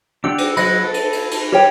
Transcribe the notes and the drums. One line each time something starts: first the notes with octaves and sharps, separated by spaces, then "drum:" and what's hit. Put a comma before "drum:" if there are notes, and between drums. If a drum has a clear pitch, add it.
D4 G4 F#5 E6
drum: cymbal
F#3 D#5 F#5 B5, drum: cymbal
A4
drum: cymbal
drum: cymbal
drum: cymbal
G4 C#5 G5, drum: rim click